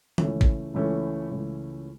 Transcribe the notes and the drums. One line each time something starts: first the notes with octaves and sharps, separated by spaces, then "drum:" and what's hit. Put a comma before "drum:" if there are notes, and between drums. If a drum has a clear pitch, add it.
C#2 C#3 E3 A3 C#4, drum: tom D#3
drum: kick G#1
C#2 C#3 E3 A3 C#4
C#2 C#3 E3 A3 C#4